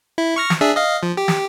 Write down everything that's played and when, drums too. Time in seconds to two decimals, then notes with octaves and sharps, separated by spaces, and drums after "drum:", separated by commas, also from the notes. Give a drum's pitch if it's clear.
0.18 E4
0.36 C#6 F6 A#6
0.50 drum: snare
0.61 D4 G#4 E5
0.76 D#5 F5
1.03 F3
1.17 G4
1.28 drum: snare